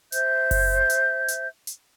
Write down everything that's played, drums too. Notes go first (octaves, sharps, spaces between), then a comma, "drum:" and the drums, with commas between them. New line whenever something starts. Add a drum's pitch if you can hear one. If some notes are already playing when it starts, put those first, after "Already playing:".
C5 E5 G6, drum: hi-hat
drum: kick F#1, open hi-hat
drum: hi-hat
drum: hi-hat
drum: hi-hat